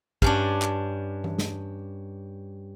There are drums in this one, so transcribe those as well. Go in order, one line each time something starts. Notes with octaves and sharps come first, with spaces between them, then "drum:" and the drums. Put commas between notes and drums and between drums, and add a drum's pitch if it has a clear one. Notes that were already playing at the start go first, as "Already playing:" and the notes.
G2 C#4 D4, drum: kick
drum: clap
drum: tom E3
drum: snare